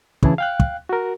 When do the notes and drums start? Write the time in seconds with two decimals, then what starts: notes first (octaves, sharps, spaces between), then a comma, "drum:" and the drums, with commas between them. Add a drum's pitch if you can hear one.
0.23 D2 C#3 E3 E4 G#4 A5, drum: kick
0.38 F5 G5 F#6
0.60 drum: kick
0.89 F#4 A#4